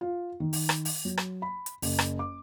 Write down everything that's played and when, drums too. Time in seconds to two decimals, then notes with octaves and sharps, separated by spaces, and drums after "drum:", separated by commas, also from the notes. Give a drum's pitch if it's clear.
0.01 F4
0.40 D#3
0.53 drum: open hi-hat
0.69 drum: rim click
0.85 drum: open hi-hat
1.05 F#3
1.17 drum: rim click
1.42 B5
1.66 drum: hi-hat
1.82 F#1, drum: open hi-hat
1.99 drum: rim click
2.19 D6